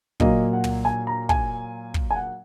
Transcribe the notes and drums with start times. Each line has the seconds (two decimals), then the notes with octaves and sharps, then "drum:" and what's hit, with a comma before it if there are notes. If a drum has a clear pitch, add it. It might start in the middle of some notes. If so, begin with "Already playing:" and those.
0.20 A#2 F#3 A#3 D#5, drum: kick
0.53 F#5
0.64 drum: tom
0.85 G#5
1.07 A#5
1.29 G#5, drum: kick
1.94 drum: kick
2.11 G#5
2.16 F#5